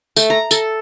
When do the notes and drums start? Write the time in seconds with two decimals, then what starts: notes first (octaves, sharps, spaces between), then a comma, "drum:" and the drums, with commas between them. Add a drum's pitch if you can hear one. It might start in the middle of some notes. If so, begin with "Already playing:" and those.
0.16 A3, drum: tambourine
0.30 A#5
0.51 A4, drum: tambourine